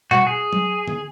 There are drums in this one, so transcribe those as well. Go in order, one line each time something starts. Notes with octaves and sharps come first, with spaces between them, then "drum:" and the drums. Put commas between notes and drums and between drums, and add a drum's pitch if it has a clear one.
F#4, drum: tom B2
G#4
drum: tom F#3
drum: tom D3